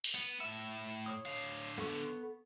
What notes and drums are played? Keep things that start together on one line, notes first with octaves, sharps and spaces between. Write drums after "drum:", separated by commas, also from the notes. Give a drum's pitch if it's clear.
drum: open hi-hat
B3
A2 E5 E6
C#5 D#6
D3 F5
B3 A4 C#6